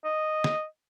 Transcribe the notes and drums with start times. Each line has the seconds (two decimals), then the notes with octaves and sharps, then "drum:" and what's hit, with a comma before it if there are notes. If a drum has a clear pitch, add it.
0.05 D#5
0.44 drum: snare